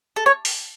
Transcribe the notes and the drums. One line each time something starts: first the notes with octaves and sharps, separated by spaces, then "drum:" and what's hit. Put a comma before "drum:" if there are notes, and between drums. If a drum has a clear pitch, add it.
A4
C#5
drum: open hi-hat